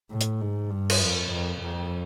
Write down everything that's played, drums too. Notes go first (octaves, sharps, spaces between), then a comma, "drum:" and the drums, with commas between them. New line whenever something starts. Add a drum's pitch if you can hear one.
A2
drum: hi-hat
G#2
G2
drum: cymbal
F2
F2
F2